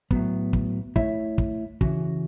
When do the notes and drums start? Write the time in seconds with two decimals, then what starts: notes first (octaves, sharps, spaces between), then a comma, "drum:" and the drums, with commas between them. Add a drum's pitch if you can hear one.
0.11 A2 F#3 B3, drum: kick
0.53 drum: kick
0.96 A3 E4 C#5 E5, drum: kick
1.38 drum: kick
1.81 C#3 E3 C#4 F#4, drum: kick